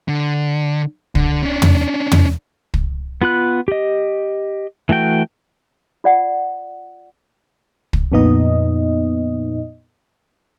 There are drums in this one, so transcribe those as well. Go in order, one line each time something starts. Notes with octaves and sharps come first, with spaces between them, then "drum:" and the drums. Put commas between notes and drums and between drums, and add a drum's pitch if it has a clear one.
D3
D3, drum: kick
C#4 D4
drum: tom
drum: tom
drum: kick
B3 F4 B5 F#6
G4 D#5
E3 A3 F#4 G5
F4 D5 F#5
drum: kick
F2 A#2 B3 D#4 D#5